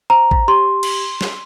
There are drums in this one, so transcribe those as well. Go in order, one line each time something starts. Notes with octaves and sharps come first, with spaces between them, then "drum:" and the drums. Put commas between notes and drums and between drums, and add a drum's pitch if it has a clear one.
C5 A#5
drum: kick
G4 C6
drum: cymbal
drum: snare